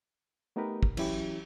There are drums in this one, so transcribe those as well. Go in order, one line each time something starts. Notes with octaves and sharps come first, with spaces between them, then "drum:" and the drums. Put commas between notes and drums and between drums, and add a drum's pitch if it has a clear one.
A3 B3 D#4 G4 A#4 B4
drum: kick
E3 F#3 C#4 E4 G4, drum: cymbal